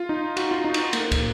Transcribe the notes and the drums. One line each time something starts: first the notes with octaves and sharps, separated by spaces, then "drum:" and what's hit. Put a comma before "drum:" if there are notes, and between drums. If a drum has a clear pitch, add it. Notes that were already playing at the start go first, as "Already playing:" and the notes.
Already playing: F4
D#4
F#4, drum: cymbal
F4
D#4
drum: cymbal
A#3, drum: cymbal
drum: kick, cymbal